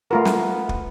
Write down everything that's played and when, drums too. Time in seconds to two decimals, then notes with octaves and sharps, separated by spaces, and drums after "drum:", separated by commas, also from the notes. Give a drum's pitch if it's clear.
0.11 A3 B3 F4 A#4
0.25 drum: snare
0.69 drum: kick